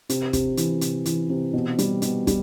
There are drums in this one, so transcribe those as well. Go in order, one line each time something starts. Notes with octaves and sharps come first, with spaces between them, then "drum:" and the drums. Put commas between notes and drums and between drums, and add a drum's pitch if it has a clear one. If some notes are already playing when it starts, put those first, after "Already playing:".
C3, drum: hi-hat
C3, drum: kick, hi-hat
E3, drum: hi-hat
C3, drum: hi-hat
E3, drum: hi-hat
C3
B2
G3, drum: hi-hat
B2, drum: hi-hat
G3, drum: kick, hi-hat